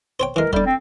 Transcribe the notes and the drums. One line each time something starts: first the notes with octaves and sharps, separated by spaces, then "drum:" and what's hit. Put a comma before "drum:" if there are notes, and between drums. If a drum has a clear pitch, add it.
C5 C#5 G5
E3 G#3 A#4
G3 A3 D4, drum: kick F1
C4